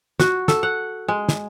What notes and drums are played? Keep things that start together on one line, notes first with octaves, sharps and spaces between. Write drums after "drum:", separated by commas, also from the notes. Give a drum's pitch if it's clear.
F#4, drum: snare
A4, drum: snare
F#5
G#3
drum: snare